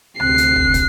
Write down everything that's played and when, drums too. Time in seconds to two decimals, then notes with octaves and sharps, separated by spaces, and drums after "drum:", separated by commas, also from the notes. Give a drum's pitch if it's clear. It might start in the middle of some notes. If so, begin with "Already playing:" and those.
0.20 D2 C3 C4 F#6 C7, drum: rim click
0.38 drum: hi-hat
0.56 drum: kick
0.74 drum: kick, hi-hat